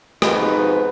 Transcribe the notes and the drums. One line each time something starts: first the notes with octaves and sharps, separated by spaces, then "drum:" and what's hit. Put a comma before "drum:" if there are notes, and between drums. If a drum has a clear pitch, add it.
F2 G#2 B2 D#4 B4, drum: rim click